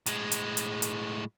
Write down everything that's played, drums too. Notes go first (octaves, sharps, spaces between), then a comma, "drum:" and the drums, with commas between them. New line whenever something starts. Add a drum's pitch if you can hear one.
A2 G#3, drum: hi-hat
drum: hi-hat
drum: hi-hat
drum: hi-hat